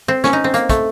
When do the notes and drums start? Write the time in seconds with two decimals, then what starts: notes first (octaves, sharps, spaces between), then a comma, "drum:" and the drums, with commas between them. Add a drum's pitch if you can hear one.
0.08 C4
0.24 C#4, drum: snare
0.33 D#4
0.44 C4
0.54 A#3, drum: hi-hat
0.69 A3, drum: kick, hi-hat